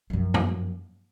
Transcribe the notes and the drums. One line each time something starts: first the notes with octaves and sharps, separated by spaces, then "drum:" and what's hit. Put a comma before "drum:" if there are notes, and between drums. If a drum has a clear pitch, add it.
F#2 F3
drum: tom